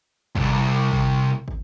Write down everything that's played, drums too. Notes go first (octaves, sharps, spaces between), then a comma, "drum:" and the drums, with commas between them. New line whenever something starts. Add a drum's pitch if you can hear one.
C2 G2, drum: kick
drum: kick
drum: kick